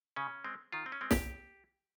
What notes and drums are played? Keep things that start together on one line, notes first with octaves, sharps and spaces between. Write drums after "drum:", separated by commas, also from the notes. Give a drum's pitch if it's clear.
C#3 C#4
G#3 C4
D#3 F4
C4
C#4
G#3 C4
G4, drum: snare